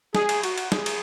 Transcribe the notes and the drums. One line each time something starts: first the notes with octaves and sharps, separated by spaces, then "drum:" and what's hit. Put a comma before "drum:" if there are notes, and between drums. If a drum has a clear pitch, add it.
G#4, drum: snare
drum: cymbal
F#4, drum: cymbal
drum: cymbal
G#4, drum: snare
drum: cymbal